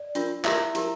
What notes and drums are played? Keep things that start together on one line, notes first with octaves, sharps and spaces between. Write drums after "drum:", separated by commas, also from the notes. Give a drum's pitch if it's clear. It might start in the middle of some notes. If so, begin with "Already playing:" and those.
Already playing: D5
D4 F4 A#4, drum: hi-hat
E4 G4 A#4 E5, drum: clap
E4 G4 A#4, drum: hi-hat